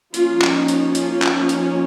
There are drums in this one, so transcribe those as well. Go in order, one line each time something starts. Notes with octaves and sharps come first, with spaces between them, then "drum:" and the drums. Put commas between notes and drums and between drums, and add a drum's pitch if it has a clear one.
F3 A#3 C#4 F4, drum: hi-hat
drum: clap
D#4
drum: hi-hat
F4, drum: hi-hat
drum: clap
D#4
drum: hi-hat